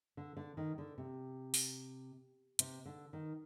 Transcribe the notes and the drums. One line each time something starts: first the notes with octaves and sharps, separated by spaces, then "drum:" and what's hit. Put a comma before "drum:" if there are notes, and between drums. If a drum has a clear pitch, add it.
D3
D3
D#3
D3
C3
drum: open hi-hat
C3, drum: hi-hat
D3
D#3